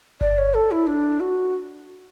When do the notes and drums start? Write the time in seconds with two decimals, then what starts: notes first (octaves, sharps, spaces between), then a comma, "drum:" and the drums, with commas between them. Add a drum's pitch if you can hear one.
0.21 D5, drum: kick G1
0.38 C#5
0.54 A4
0.71 E4
0.87 D4
1.20 F#4